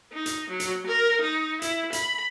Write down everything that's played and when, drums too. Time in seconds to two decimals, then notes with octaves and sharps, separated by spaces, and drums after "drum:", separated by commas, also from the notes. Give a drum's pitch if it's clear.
0.13 D#4
0.26 drum: hi-hat
0.50 F#3
0.60 drum: hi-hat
0.87 A#4
1.21 D#4
1.62 E4, drum: hi-hat
1.93 B5, drum: hi-hat